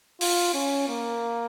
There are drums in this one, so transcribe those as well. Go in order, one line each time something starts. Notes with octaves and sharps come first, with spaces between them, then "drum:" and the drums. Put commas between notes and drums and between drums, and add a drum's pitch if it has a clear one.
F4, drum: open hi-hat
C#4
A#3